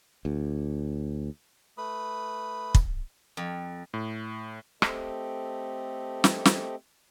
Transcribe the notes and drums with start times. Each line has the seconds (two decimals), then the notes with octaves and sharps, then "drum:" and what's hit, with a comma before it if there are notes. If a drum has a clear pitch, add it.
0.25 D2
1.78 A3 B4 B5 D#6
2.75 drum: kick
3.37 F2
3.94 A2
4.82 A3 C4 G4 A4 D#5, drum: rim click
6.24 drum: snare
6.45 drum: snare